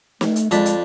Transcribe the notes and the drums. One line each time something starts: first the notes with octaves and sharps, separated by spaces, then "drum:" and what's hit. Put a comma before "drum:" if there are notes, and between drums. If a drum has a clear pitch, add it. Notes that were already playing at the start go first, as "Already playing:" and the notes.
A3, drum: snare
drum: hi-hat
F2 G#3 D4 B5, drum: hi-hat
drum: hi-hat